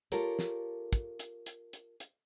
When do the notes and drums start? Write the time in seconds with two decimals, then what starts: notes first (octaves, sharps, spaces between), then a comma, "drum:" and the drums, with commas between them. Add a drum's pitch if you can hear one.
0.12 F4 G4 A4 A#4 C#5, drum: hi-hat
0.39 drum: snare
0.93 drum: kick, hi-hat
1.19 drum: hi-hat
1.46 drum: hi-hat
1.73 drum: hi-hat
2.00 drum: hi-hat